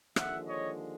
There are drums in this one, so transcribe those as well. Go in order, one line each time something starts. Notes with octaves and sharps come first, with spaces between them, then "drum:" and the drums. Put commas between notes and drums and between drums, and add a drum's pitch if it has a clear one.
D#2 D3 F3 G#3 E5 F#5, drum: rim click
C#5 D#5